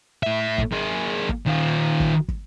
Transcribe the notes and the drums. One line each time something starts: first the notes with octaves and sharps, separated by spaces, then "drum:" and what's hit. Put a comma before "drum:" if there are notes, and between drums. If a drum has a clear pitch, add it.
A2 E5
drum: kick
A#3 G#4
drum: kick
D#3 F4
drum: kick
drum: kick